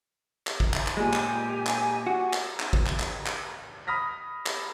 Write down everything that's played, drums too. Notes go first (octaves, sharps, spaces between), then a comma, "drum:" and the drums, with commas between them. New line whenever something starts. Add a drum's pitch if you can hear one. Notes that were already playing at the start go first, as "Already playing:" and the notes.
drum: clap
drum: kick G#1
drum: clap
drum: clap
A#2 G#3 G4 G#5
drum: clap
drum: clap
F#4
drum: clap
drum: clap
drum: kick G#1
drum: clap
drum: clap
drum: clap
B5 D#6 F6 A#6 B6
drum: clap